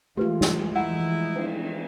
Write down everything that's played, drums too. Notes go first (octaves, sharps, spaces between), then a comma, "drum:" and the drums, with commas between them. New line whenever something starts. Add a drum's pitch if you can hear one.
E3 F3 G#3 A3 F4 G4 B4
drum: snare
D#4 E4 F#5
drum: cymbal